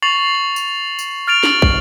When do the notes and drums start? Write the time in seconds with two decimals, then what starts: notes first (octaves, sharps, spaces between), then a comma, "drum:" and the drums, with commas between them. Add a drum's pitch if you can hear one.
0.03 C#6 A6 C7 F7 F#7
0.35 F#7
0.56 drum: tambourine
0.99 drum: tambourine
1.28 F6 A6 D7 F7
1.43 F#7, drum: snare
1.62 drum: kick